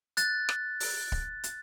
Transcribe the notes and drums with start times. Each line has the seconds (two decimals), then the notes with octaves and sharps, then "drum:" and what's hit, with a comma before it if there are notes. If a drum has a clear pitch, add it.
0.17 F#6 A6, drum: hi-hat
0.49 drum: rim click
0.80 drum: open hi-hat
1.12 drum: kick D1
1.44 drum: hi-hat